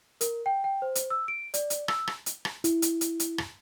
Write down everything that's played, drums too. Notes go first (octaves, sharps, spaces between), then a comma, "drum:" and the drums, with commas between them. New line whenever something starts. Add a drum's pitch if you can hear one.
A#4, drum: hi-hat
G5
G5
C5
drum: hi-hat
E6
D7
D5, drum: hi-hat
drum: hi-hat
E6, drum: rim click
drum: rim click
drum: hi-hat
drum: rim click
E4, drum: hi-hat
drum: hi-hat
drum: hi-hat
drum: hi-hat
drum: rim click